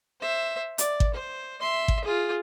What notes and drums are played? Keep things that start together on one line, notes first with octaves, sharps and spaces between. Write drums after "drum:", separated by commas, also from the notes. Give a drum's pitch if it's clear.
C5 E5
D5, drum: hi-hat
drum: kick G#1
C5
E5 C6
drum: kick G#1
F4 G#4